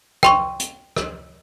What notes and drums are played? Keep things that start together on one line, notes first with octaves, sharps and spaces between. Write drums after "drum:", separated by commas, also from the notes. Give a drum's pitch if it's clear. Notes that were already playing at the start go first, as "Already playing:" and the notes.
G5 C6 C#6, drum: rim click
drum: hi-hat
drum: rim click